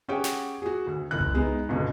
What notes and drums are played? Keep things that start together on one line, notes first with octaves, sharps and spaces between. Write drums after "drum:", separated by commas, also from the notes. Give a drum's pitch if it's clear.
C#4 G4 G#4 C#5 F#5 G5
drum: snare
F#4 G#4
D2
F#1 E4 F#6
drum: tom C2
G#3 B3 D#4
G1 C#2 B2 D3